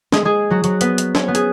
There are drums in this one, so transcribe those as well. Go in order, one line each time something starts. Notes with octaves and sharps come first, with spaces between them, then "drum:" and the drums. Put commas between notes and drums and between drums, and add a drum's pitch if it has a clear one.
G#3 G#4, drum: snare
G#3 G#4
F#3 F#4
F#3 F#4, drum: hi-hat
B3 B4, drum: hi-hat
drum: hi-hat
C#4 C#5, drum: snare
B3 B4
G#4, drum: hi-hat